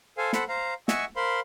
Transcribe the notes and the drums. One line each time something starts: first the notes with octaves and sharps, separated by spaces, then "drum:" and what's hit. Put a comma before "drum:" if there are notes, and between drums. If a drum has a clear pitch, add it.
A4 C5 F5 G#5
A4 C5 F#5 B5, drum: snare
C5 F5 A#5
D#5 E5 F#5 G#5 C#6 E6, drum: snare
A#4 C5 F5 B5 C6